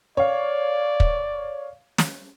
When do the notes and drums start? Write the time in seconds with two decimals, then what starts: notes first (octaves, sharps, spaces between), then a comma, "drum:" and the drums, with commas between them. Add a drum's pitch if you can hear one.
0.17 C#5 D5 F5
1.00 drum: kick
1.98 drum: snare